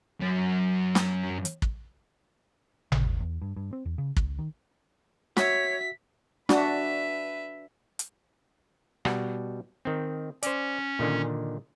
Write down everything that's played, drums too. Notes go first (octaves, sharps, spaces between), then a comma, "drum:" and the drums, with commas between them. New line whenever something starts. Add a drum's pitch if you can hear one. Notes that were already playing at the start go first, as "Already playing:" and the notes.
F#2 C#4
drum: snare
drum: hi-hat
drum: kick
C#3, drum: tom G#1
D#1
E2
G2
G2
C4
E2
C#3
C#2, drum: kick
D#3
F#4 C#5 E5 B6, drum: snare
D4 F#4 B4 E5, drum: snare
drum: hi-hat
B2 G3 F#5, drum: rim click
D#3 C4
C#4 C5 D5, drum: hi-hat
A#2 D3 D#3